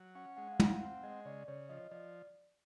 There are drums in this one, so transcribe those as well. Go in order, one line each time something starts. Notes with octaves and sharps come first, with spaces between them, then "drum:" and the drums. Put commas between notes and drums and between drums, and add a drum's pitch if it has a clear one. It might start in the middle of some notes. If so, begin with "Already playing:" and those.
Already playing: F#3
C#4 F#5
G#3 F#5
F#5
F5
C4, drum: tom
F5
C4 F#5
G#3 D#5
C#3 D5
C#3 C#5
F3 D#5
F3 D5